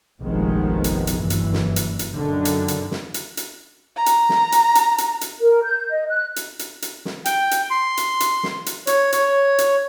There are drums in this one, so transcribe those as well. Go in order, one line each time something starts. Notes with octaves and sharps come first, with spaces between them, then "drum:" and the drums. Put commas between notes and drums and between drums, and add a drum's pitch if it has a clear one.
F1 A#1 D#3 F3 G#3 B3
drum: hi-hat
drum: hi-hat
F#1 G2 E3
drum: hi-hat
drum: snare
drum: hi-hat
drum: hi-hat
F#2 D3 D#3
drum: hi-hat
drum: hi-hat
drum: snare
drum: hi-hat
drum: hi-hat
A#5
drum: hi-hat
drum: snare
drum: hi-hat
drum: hi-hat
drum: hi-hat
drum: hi-hat
A#4
G6
D#5
F#6
drum: hi-hat
drum: hi-hat
drum: hi-hat
drum: snare
G5, drum: hi-hat
drum: hi-hat
C6
drum: hi-hat
drum: hi-hat
drum: snare
drum: hi-hat
C#5, drum: hi-hat
C#5, drum: hi-hat
drum: hi-hat